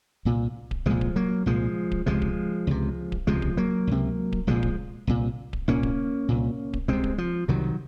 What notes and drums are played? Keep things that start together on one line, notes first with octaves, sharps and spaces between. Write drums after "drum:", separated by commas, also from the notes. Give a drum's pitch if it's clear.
C2 A#2
drum: kick D1
C2 A#2 F3 G#3
drum: kick D1
F#3 A#3
C2 A#2 F3 G#3
drum: kick D1
C#2 C3 F3 G#3
drum: kick D1
C#2 C3
drum: kick D1
C#2 C3 F3 G#3
drum: kick D1
F#3 A#3
C#2 C3
drum: kick D1
C2 A#2 F3 G#3
drum: kick D1
C2 A#2
drum: kick D1
C2 A#2 A#3 C#4
drum: kick D1
C2 A#2
drum: kick D1
C2 C3 G#3 C4
drum: kick D1
F3
C2 C3 D#3 F#3